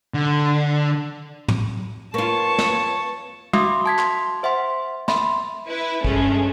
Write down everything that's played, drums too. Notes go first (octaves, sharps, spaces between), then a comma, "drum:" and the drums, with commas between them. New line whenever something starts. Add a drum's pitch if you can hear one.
D3
drum: tom
A#3 F4 B4 C#5 F5 A5 C#6
drum: snare
F#4 E5 F5 C6 D6 D#6, drum: tom
A5 G#6 B6
C6, drum: clap
C5 E5 F#5 C6
E5 B5 C6, drum: snare
E4 B4
G2 G#3 A3 C#4, drum: kick